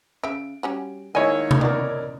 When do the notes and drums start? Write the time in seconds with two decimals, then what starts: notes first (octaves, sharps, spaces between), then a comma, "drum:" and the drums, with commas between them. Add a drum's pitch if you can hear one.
0.23 C#3 E5 D7
0.63 G3 C#4 F#4
1.15 D#3 G#3 A#3 E4 C#5 D#5 G#5
1.51 drum: tom C3
1.61 B3 A#4 D5